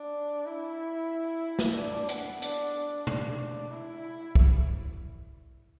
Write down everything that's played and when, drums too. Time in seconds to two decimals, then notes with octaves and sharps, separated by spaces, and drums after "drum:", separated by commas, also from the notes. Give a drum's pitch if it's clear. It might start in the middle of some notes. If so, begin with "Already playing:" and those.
Already playing: D4
0.46 E4
1.59 drum: snare
1.77 D4
2.09 B3, drum: hi-hat
2.42 D4, drum: hi-hat
3.07 D4, drum: tom B2
3.72 E4
4.35 drum: kick